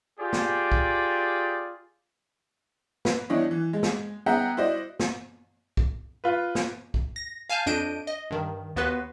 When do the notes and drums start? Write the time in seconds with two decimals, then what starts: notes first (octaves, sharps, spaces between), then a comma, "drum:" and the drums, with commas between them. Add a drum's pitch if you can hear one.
0.20 F4 G4 G#4 D5
0.33 drum: snare
0.72 drum: kick
3.05 B4, drum: snare
3.30 E2 D4 E4 C#5 D#5
3.51 E3
3.73 G#3
3.83 drum: snare
4.26 B3 G#4 E5 F#5 G5 A#5
4.57 E4 F#4 C5 D5 D#5
5.00 drum: snare
5.77 drum: kick
6.24 F4 B4
6.55 drum: snare
6.94 drum: kick
7.16 A#6
7.49 F5 G#5 A5 F6 G6
7.66 F2 D4 D#5 G6 D7 D#7
8.07 D#5
8.31 G2 D#3
8.76 D#2 B3 F#4 B4 C6